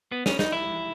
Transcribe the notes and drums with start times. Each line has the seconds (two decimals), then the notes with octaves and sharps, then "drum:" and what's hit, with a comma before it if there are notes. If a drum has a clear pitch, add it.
0.12 B3
0.26 C#4, drum: snare
0.39 D#4, drum: snare
0.52 E4